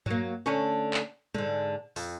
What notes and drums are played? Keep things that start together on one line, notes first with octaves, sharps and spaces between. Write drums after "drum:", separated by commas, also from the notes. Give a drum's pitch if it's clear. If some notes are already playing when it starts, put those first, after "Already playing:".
F#3 A#3, drum: tom G2
D3 A3 C#4
drum: clap
G#2 D3, drum: tom G3
F2, drum: open hi-hat